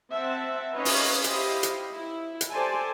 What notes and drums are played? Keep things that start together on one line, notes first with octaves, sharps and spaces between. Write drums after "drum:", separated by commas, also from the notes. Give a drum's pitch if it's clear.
C4 E5 F#5 A5
C#4 D#4 B4 C#5 D#5 F5
drum: open hi-hat
E4 G4 C5 D#5 F5, drum: hi-hat
drum: hi-hat
E4
drum: hi-hat
G4 A4 C5 D5 G#5 A5